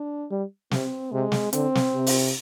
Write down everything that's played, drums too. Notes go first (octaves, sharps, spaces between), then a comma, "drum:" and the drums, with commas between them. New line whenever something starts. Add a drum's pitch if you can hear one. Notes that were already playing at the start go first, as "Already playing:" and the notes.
Already playing: D4
G3
C3 C4, drum: snare
C3 G#3
drum: snare
D3 C4, drum: hi-hat
drum: snare
C3
drum: open hi-hat